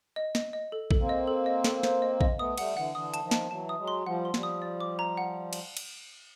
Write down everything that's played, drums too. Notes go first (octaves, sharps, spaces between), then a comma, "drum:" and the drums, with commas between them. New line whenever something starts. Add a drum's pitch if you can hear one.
D#5
D#5, drum: snare
D#5
A4
A4, drum: kick A#1
A#3 C4
D#5
A4
D#5
A4, drum: snare
C5, drum: snare
D#5
D#5, drum: kick A#1
A3 B3 D#6
G3 A3 F#5, drum: cymbal
D3 E3 F#5
D3 E3 D#6
A5, drum: hi-hat
D#3 F3
A5, drum: snare
E3 F#3 A5
D#6
F#3 G#3
C6
F3 G3 F#5
C6
F3 G3, drum: snare
D#6
D5
D6
A#5
F#5
drum: cymbal
drum: cymbal